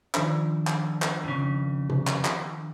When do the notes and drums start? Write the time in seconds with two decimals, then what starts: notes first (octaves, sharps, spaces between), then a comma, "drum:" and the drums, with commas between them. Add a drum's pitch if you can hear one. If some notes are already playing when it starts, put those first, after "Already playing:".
0.15 D#3 F3 D4, drum: clap
0.67 drum: clap
1.02 drum: clap
1.24 F2 C#3
1.90 drum: tom C3
2.07 drum: clap
2.25 drum: clap